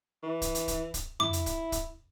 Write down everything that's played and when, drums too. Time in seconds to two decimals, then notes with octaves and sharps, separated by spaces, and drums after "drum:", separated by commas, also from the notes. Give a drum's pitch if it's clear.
0.23 E3
0.42 drum: kick, hi-hat
0.55 drum: hi-hat
0.68 drum: kick, hi-hat
0.94 drum: kick, hi-hat
1.20 E4 D6, drum: tom F2
1.33 drum: hi-hat
1.46 drum: kick, hi-hat
1.72 drum: kick, hi-hat